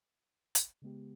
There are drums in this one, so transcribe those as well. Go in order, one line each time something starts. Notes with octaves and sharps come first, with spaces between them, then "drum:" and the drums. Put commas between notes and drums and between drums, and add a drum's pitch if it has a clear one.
drum: hi-hat
C#3 G#3 B3 G4